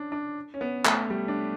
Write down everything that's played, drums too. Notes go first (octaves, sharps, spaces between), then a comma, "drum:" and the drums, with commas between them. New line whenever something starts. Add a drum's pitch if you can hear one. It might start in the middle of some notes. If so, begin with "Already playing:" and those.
Already playing: C#4 D4
D4
C#4
B3
A3, drum: clap
G3
D4